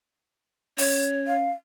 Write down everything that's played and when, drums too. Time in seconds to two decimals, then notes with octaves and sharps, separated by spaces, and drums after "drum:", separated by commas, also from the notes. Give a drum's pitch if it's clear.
0.78 C#4 C#5, drum: open hi-hat
1.27 F5